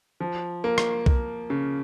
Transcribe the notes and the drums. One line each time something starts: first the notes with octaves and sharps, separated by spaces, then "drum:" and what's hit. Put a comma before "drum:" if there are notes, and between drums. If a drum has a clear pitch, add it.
F3
A#3
drum: rim click
A#3, drum: kick B1
C#3